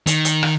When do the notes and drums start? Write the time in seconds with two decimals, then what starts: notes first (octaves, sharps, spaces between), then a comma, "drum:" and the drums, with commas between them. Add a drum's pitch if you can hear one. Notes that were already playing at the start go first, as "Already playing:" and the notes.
0.07 D#3, drum: hi-hat
0.25 drum: hi-hat
0.43 drum: rim click